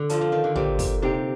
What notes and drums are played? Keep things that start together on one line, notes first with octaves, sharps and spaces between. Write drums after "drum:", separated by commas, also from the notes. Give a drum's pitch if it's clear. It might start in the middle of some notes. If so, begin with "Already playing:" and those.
Already playing: D3
F3 F4 A4 D5 A5, drum: hi-hat
F3
D#3
D3
A#2 G4 C5 G5, drum: tom
drum: kick, open hi-hat
C3 D#4 G4 C5 G5